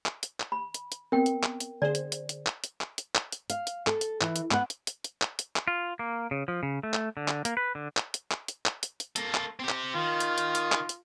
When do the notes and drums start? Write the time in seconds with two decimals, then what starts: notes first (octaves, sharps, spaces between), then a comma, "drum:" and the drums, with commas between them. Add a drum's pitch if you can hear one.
0.06 drum: clap
0.23 drum: hi-hat
0.40 drum: clap
0.52 B5
0.74 drum: hi-hat
0.92 drum: hi-hat
1.12 B3 C4 A#4 G5
1.26 drum: hi-hat
1.43 drum: clap
1.60 drum: hi-hat
1.82 D3 G#4 C5 D5
1.95 drum: hi-hat
2.12 drum: hi-hat
2.29 drum: hi-hat
2.46 drum: clap
2.64 drum: hi-hat
2.81 drum: clap
2.98 drum: hi-hat
3.15 drum: clap
3.32 drum: hi-hat
3.50 F5, drum: hi-hat
3.67 drum: hi-hat
3.87 A4, drum: clap
4.01 drum: hi-hat
4.21 E3, drum: clap
4.36 drum: hi-hat
4.51 B3 F#5, drum: clap
4.70 drum: hi-hat
4.87 drum: hi-hat
5.04 drum: hi-hat
5.22 drum: clap
5.39 drum: hi-hat
5.56 drum: clap
5.68 F4
5.99 A#3
6.31 C#3
6.48 F3
6.63 C#3
6.83 A3
6.94 drum: clap
7.17 D3
7.28 drum: clap
7.45 A#3, drum: hi-hat
7.57 B4
7.75 D3
7.97 drum: clap
8.14 drum: hi-hat
8.31 drum: clap
8.48 drum: hi-hat
8.66 drum: clap
8.83 drum: hi-hat
9.00 drum: hi-hat
9.16 A#3 A4, drum: hi-hat
9.34 drum: clap
9.59 C4 G4
9.69 drum: clap
9.95 D#3 F4
10.20 drum: hi-hat
10.38 drum: hi-hat
10.55 drum: hi-hat
10.72 drum: clap
10.89 drum: hi-hat